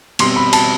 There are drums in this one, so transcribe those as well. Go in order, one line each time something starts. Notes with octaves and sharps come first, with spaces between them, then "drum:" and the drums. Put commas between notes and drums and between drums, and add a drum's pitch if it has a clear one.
B2 G3 C4 C6, drum: cymbal
B5
A5, drum: cymbal